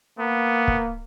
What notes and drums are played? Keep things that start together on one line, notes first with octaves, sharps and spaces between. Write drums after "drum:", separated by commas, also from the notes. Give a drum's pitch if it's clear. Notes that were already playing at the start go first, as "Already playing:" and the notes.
A#3 B3
drum: kick